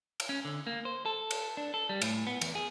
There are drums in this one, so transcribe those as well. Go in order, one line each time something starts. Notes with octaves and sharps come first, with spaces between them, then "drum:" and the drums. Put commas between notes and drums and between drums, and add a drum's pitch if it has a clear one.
drum: cymbal
C#4
D3
A#3
C5
A4
drum: cymbal
D4
A4
G3
A2, drum: cymbal
B3
E2, drum: cymbal
G#4